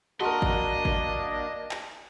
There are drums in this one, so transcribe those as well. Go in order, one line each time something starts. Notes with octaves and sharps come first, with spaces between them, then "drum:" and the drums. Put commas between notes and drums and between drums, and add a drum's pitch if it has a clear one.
A#3 D4 F#4 A#4 D#5 A5 C6
drum: kick G#1
drum: kick G#1
drum: clap